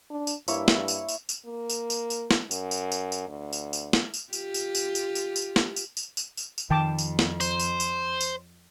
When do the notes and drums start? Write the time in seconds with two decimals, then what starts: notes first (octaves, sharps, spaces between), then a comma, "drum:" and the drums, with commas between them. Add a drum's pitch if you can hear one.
0.11 D4
0.27 drum: tambourine
0.48 G2 A#3 E4 C#5, drum: tambourine
0.68 drum: snare
0.88 drum: tambourine
1.09 drum: tambourine
1.29 drum: tambourine
1.46 A#3
1.70 drum: tambourine
1.90 drum: tambourine
2.10 drum: tambourine
2.31 drum: snare
2.51 F#2, drum: tambourine
2.71 drum: tambourine
2.92 drum: tambourine
3.12 drum: tambourine
3.28 D2
3.53 drum: tambourine
3.73 drum: tambourine
3.93 drum: snare
4.14 drum: tambourine
4.33 F4 G4, drum: tambourine
4.54 drum: tambourine
4.75 drum: tambourine
4.95 drum: tambourine
5.15 drum: tambourine
5.36 drum: tambourine
5.56 drum: snare
5.76 drum: tambourine
5.97 drum: tambourine
6.17 drum: tambourine
6.37 drum: tambourine
6.58 drum: tambourine
6.70 F2 D#3 G5 A5 D6
6.98 drum: tambourine
7.19 drum: snare
7.41 C5, drum: tambourine
7.59 drum: tambourine
7.80 drum: tambourine
8.21 drum: tambourine